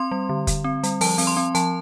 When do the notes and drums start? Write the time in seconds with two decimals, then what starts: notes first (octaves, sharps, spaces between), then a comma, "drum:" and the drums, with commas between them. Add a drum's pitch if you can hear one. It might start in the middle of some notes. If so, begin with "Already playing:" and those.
Already playing: C4 C6
0.11 G3
0.29 D3
0.47 D3, drum: kick F1, hi-hat
0.64 C4
0.83 G3, drum: hi-hat
1.01 F3 A5, drum: open hi-hat
1.18 C4, drum: open hi-hat
1.27 C6
1.37 C4
1.55 F3 A5, drum: hi-hat